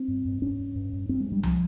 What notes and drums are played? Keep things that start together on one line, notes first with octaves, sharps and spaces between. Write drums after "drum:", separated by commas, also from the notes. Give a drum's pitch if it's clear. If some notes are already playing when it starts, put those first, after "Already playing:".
Already playing: C4
G2
G2
G2 C#4
G2
G2
G2
G2 C4
G#3
G2
G3
F3, drum: tom C2